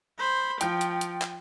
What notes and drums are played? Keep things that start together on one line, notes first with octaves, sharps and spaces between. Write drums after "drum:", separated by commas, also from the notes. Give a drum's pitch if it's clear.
C5 B5
F3 G5, drum: hi-hat
drum: hi-hat
drum: hi-hat
drum: clap